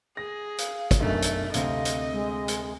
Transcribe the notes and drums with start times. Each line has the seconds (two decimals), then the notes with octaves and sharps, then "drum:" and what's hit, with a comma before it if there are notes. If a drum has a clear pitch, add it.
0.17 G#4 A#6
0.58 F5, drum: hi-hat
0.91 drum: kick, hi-hat
1.00 B1 F#2 A3 D4
1.22 drum: hi-hat
1.54 D2 C3 C4 D#5 F5, drum: hi-hat
1.85 drum: hi-hat
2.13 G#3
2.48 drum: hi-hat